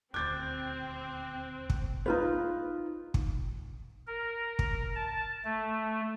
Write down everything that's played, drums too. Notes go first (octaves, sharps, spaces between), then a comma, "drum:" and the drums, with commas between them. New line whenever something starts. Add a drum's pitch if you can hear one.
D#1 D2 C4 D6 F#6 G6 A6
drum: kick
D#4 F4 B4
drum: kick
A#4
drum: kick
A5
A3